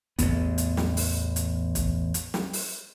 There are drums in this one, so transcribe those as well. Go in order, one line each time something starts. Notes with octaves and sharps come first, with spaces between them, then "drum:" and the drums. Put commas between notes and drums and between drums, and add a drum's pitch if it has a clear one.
A1 E2 A#2 B3, drum: kick, hi-hat
drum: hi-hat
drum: snare
drum: open hi-hat
drum: hi-hat
drum: kick, hi-hat
drum: hi-hat
drum: snare
drum: open hi-hat